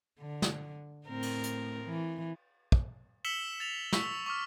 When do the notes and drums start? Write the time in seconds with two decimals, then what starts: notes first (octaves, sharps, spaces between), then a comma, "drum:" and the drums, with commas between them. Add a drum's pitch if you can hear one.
0.20 D3
0.42 drum: snare
1.06 A2 C4 A#4
1.23 drum: cymbal
1.43 drum: hi-hat
1.85 E3
2.72 drum: kick
3.25 E6 B6 C#7 E7 F#7 G7
3.60 A6 F7
3.93 C#6 E6 B6, drum: snare
4.26 C#6 D6 F6